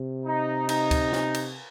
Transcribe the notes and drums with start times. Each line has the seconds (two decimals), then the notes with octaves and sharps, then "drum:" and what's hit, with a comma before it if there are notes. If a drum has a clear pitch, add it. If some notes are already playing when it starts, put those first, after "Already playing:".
Already playing: C3
0.25 D#4
0.69 D#4, drum: cymbal
0.91 drum: kick D2, cymbal
1.13 drum: snare
1.34 drum: cymbal